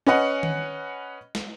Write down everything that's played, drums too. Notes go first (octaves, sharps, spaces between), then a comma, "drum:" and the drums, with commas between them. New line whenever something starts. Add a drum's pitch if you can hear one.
C#4 B4 D#5 F#5
drum: tom D#3
drum: snare